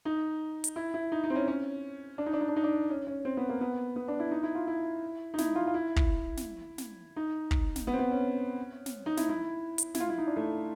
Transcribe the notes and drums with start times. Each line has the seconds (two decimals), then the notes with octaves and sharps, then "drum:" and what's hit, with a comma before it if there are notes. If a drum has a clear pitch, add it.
0.05 D#4
0.64 drum: hi-hat
0.76 E4
0.94 E4
1.12 D#4
1.24 D#4
1.30 C4
1.36 C#4
1.48 C#4
2.18 D4
2.26 D#4
2.33 D4
2.41 D#4
2.48 D4
2.56 D#4
2.64 D4
2.90 C#4
3.07 C#4
3.25 C4
3.37 B3
3.49 A#3
3.61 B3
3.96 B3
4.08 D4
4.20 E4
4.31 D#4
4.43 E4
4.55 F4
4.68 E4
5.34 D#4
5.38 E4, drum: snare
5.55 F4
5.67 F4
5.74 E4
5.96 drum: kick
6.37 drum: snare
6.78 drum: snare
7.16 D#4
7.51 drum: kick
7.76 drum: snare
7.87 B3
7.93 C4
7.99 B3
8.11 C#4
8.86 drum: snare
9.06 D#4
9.17 E4, drum: snare
9.29 E4
9.78 drum: hi-hat
9.94 E4, drum: snare
10.00 F4
10.09 E4
10.18 D#4
10.27 D4
10.36 A3